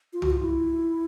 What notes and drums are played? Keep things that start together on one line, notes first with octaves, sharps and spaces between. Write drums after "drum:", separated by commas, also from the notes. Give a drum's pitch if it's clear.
F4
F#4, drum: tom C2
F4
E4